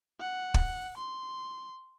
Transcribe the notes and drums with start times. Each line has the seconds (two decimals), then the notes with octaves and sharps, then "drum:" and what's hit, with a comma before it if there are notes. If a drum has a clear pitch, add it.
0.21 F#5
0.54 drum: kick
0.97 C6